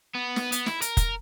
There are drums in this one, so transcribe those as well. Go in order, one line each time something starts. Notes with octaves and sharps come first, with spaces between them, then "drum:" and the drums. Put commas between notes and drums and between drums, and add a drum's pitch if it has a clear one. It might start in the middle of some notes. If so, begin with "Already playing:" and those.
B3
drum: snare
B3, drum: hi-hat
E4, drum: snare
A#4, drum: hi-hat
drum: kick, hi-hat